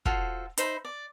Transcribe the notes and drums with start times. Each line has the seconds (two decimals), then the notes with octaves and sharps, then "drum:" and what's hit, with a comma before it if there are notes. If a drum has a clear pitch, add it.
0.05 F4 F#4 A4 C5, drum: kick
0.57 D#4 C5 E5 B5, drum: hi-hat
0.85 D5